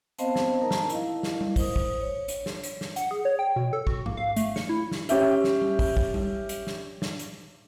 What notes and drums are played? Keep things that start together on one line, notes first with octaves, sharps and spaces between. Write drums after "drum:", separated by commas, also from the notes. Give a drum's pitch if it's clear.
B3 C4 C5 D#5 F5 A5, drum: hi-hat
drum: snare
D#4 A#4 A5 A#5
drum: snare
E4 A#4 D#5 F5, drum: hi-hat
drum: snare
drum: tom G3
C5 D#6, drum: kick, open hi-hat
drum: kick
C#5
drum: hi-hat
drum: snare
drum: hi-hat
drum: snare
F#5, drum: hi-hat
G#4
C#5
G5
B2
A4
F#4, drum: kick
A#3, drum: tom G#2
F5
A3, drum: hi-hat
C#7, drum: snare
E4
drum: snare
C#4 G4 E5, drum: hi-hat
drum: snare
drum: tom G3
drum: kick, open hi-hat
drum: kick
drum: tom G3
drum: hi-hat
drum: snare
drum: snare
drum: hi-hat